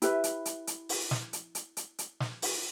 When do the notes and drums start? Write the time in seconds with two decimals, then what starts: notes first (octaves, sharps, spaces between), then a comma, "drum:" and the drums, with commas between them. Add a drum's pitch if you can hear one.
0.02 E4 G4 B4 E5, drum: hi-hat
0.24 drum: hi-hat
0.45 drum: hi-hat
0.67 drum: hi-hat
0.89 drum: open hi-hat
1.11 drum: snare
1.33 drum: hi-hat
1.55 drum: hi-hat
1.77 drum: hi-hat
1.99 drum: hi-hat
2.20 drum: snare
2.42 drum: open hi-hat